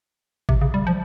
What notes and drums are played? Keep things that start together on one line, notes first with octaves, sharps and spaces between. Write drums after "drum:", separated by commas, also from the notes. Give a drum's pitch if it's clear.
C3, drum: kick G#1
C#3
G3
F3